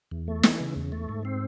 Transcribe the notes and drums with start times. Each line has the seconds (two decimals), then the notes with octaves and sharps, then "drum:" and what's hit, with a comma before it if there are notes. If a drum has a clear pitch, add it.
0.11 E2
0.28 A3
0.43 E3, drum: snare
0.60 C#3
0.76 E2
0.92 A3
1.09 G#2
1.25 C4